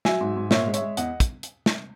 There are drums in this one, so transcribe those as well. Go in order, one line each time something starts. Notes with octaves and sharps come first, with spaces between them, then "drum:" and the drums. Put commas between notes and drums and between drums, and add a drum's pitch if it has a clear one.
F#3 E5 G#5, drum: snare
G#2
G#2
A#2 C#5 E5, drum: snare
G#3
C#5 E5, drum: hi-hat
G#3
E2 D#5 F#5, drum: hi-hat
drum: kick, hi-hat
drum: hi-hat
drum: snare